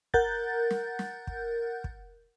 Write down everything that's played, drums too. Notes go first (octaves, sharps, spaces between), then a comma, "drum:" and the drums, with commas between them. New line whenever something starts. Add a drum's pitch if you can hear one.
A#4 F#5 F#6 G6 A6, drum: kick
drum: snare
drum: snare
drum: kick
drum: kick